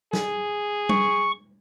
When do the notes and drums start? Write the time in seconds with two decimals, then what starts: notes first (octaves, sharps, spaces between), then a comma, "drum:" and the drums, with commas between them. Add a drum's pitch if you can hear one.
0.13 G#4, drum: snare
0.89 C#6, drum: tom G3